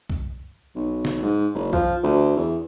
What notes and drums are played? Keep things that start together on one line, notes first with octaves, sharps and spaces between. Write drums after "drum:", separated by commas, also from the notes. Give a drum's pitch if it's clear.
drum: kick
B1
drum: snare
G#2
F#1
F3, drum: kick
D2
E2